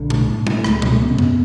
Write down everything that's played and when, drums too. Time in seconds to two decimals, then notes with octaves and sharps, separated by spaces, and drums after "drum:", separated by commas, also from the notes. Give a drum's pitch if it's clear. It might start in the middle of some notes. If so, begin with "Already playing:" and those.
Already playing: B1 D3
0.10 A2, drum: tom B2
0.28 A2
0.47 C#3, drum: tom G3
0.59 A3
0.64 C#2, drum: rim click
0.71 G#3
0.82 C#3 F#3, drum: tom B2
0.92 A3
1.01 C#3 B3
1.10 C#4
1.18 C#3 B3, drum: tom F#2